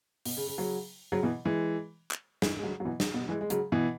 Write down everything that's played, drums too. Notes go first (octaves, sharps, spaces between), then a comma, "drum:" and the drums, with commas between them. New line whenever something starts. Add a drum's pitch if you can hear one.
B2, drum: open hi-hat
C#3
C#3
C#3 F#3
C#3 F#3
B2 E3
E3 G#3
drum: clap
E3 G#3, drum: snare
G#3
C#3 F#3
F#3
B2 E3
C#3, drum: snare
B2
E3 G#3
G#3
C#3 F#3, drum: hi-hat
B2 E3